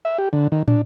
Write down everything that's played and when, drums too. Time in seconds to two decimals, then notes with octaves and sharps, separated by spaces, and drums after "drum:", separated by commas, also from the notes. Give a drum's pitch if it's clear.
0.05 E5
0.18 G4
0.33 D3
0.52 D#3
0.68 D4, drum: tom